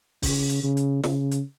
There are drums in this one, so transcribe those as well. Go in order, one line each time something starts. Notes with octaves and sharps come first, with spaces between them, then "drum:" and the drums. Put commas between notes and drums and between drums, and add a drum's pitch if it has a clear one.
C#3, drum: kick, open hi-hat
drum: hi-hat
C#3
drum: hi-hat
C#3, drum: snare
drum: hi-hat